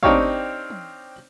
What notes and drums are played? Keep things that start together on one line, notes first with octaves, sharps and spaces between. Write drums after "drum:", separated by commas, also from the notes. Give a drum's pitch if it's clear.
C4 D4 D#4 G4 C#5 F5, drum: kick
drum: tom